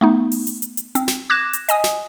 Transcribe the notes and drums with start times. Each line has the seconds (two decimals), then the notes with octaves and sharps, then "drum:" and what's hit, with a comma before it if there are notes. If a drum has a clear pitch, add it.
0.01 A3 B3 D#4
0.32 drum: open hi-hat
0.47 drum: hi-hat
0.62 drum: hi-hat
0.77 drum: hi-hat
0.95 C4, drum: hi-hat
1.08 drum: snare
1.30 D6 F#6 G#6 A#6 E7
1.53 drum: hi-hat
1.69 D#5 G#5 D#6, drum: hi-hat
1.84 drum: snare